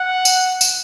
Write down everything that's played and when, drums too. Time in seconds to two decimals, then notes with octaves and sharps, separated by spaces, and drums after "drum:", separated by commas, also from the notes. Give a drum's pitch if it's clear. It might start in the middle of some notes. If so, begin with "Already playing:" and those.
Already playing: F#5
0.25 drum: tambourine
0.61 drum: tambourine